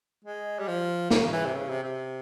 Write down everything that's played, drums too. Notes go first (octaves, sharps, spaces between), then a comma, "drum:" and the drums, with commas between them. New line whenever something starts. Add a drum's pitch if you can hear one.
G#3
G3
F3
C#3, drum: snare
E3
C3
C#3
C3
C3